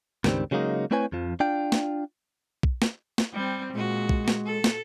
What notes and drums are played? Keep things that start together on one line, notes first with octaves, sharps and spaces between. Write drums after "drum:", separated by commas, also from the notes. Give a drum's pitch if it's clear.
C#2 G2 D#3 G3 C4, drum: snare
C#3 F#3 G#3 A#3 D#4
A3 C4 E4 B4 C#5 G#5
F2 F3
D4 F4 G5
drum: snare
drum: kick
drum: snare
drum: snare
G3 C4
A#2 G#3 F#4
drum: kick
drum: snare
A4
drum: snare